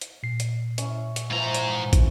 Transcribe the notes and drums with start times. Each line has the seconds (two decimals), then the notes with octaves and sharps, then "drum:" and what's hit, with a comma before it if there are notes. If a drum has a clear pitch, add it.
0.01 drum: hi-hat
0.23 A#2 C7
0.40 drum: hi-hat
0.78 C#4 E4, drum: hi-hat
1.16 drum: hi-hat
1.30 G#2 E3 F3 E4 A#5
1.54 drum: hi-hat
1.93 drum: kick, hi-hat